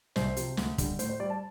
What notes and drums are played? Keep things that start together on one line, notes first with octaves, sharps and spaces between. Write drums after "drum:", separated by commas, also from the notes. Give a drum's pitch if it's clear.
C2 C5, drum: snare
C3 F3, drum: hi-hat
D2, drum: snare
D3 G3, drum: kick, hi-hat
A2 C5, drum: hi-hat
C5
G3 D5
A5